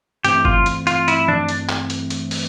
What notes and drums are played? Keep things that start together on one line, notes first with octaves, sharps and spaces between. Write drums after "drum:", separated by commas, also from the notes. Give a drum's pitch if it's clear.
G2 E3 A3 C4 G4, drum: hi-hat
F4, drum: kick
drum: hi-hat
F4, drum: hi-hat
E4, drum: hi-hat
D4, drum: tom E3
drum: hi-hat
drum: clap
drum: hi-hat
drum: hi-hat
drum: open hi-hat